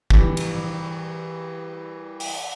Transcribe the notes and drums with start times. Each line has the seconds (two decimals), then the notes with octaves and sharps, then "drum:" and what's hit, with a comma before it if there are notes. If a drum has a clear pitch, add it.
0.10 E3 G3, drum: kick
0.37 drum: cymbal
2.20 drum: open hi-hat